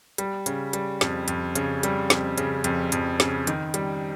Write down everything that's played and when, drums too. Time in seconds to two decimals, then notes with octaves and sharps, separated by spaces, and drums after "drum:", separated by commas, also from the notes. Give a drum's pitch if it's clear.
0.18 G3, drum: hi-hat
0.46 C#3, drum: hi-hat
0.73 G3, drum: hi-hat
1.01 F2, drum: snare
1.28 F2, drum: hi-hat
1.55 C#3, drum: hi-hat
1.83 G3, drum: hi-hat
2.10 F2, drum: snare
2.38 C#3, drum: hi-hat
2.64 F2, drum: hi-hat
2.92 F2, drum: hi-hat
3.20 C#3, drum: snare
3.47 D#3, drum: hi-hat
3.74 G3, drum: hi-hat